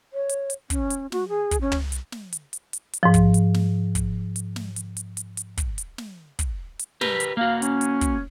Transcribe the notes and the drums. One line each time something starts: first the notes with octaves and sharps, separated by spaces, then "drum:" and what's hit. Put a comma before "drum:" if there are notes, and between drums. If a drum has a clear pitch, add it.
C#5
drum: hi-hat
drum: hi-hat
C#4, drum: kick, hi-hat
drum: hi-hat
F#4, drum: snare
G#4
drum: kick, hi-hat
C#4
drum: tom
drum: hi-hat
drum: snare
drum: hi-hat
drum: hi-hat
drum: hi-hat
drum: hi-hat
G#2 F3
drum: kick, hi-hat
drum: hi-hat
drum: snare
drum: kick, hi-hat
drum: hi-hat
drum: snare
drum: hi-hat
drum: hi-hat
drum: hi-hat
drum: hi-hat
drum: kick, hi-hat
drum: hi-hat
drum: snare
drum: kick, hi-hat
drum: hi-hat
G4 A#4 B4, drum: snare
drum: hi-hat
A#3 F#4 F5
C#4, drum: hi-hat
drum: hi-hat
drum: kick, hi-hat